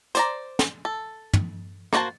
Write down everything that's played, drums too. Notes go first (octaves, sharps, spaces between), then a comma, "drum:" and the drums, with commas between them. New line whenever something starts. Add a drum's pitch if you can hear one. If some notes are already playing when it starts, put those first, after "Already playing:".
C5 D5 A#5, drum: hi-hat
drum: snare
A4
drum: tom
A#3 D4 F#4 C5 A5, drum: rim click